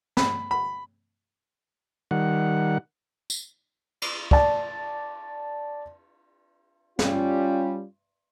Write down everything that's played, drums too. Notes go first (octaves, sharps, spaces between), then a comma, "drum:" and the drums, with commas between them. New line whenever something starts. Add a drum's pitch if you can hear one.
B5, drum: snare
B5
D#3 G3 F#5
drum: tambourine
drum: cymbal
D5 A5, drum: kick
G3 C#4 F4, drum: snare